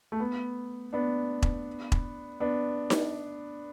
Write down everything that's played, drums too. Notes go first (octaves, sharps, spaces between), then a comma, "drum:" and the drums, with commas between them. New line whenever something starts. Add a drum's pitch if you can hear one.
A3
B3
B3 D4
drum: kick E1
drum: kick E1
B3 D4
drum: snare D#4